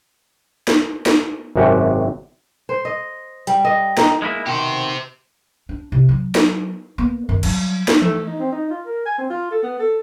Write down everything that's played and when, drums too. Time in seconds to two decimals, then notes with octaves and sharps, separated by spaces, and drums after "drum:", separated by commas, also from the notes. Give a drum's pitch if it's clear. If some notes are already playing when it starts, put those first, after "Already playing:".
0.68 drum: snare
1.06 drum: snare
1.56 G#1 F#2 C3 F#4 G4
2.69 C5
2.85 D#5
3.47 G3, drum: hi-hat
3.65 D#5
3.97 D#4, drum: snare
4.22 G#3 A#3 E4
4.47 B2 D#3 G4 C5
5.69 D4
5.92 C3 E4
6.09 F#3
6.35 drum: snare
6.98 A#3 B3
7.29 F#2 D#3
7.43 F#3 G3, drum: cymbal
7.88 drum: snare
8.02 A3, drum: tom E3
8.26 D#4
8.40 C4
8.52 D#4
8.70 F4
8.86 A#4
9.06 G#5
9.18 C4
9.30 F4
9.51 A4
9.63 B3
9.79 A4